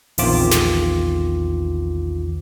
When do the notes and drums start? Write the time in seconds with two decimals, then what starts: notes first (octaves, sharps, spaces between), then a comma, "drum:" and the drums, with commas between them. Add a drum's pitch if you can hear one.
0.18 A#1 E2 D#3 C4 F4 D6, drum: open hi-hat
0.51 drum: snare